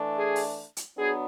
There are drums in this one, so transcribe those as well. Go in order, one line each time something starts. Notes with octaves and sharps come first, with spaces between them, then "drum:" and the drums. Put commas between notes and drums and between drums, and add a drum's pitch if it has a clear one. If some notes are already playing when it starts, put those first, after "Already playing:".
Already playing: E3 A3 D4
G#4
drum: open hi-hat
drum: hi-hat
F#3 B3 D4 G#4